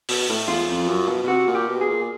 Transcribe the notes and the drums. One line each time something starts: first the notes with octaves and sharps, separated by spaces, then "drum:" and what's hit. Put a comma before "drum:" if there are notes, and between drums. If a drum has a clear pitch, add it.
B2, drum: open hi-hat
A2
E2 F4
F2
F#2
B2
B2
C3 F#4
A#2
G4
B2
G#4
A#2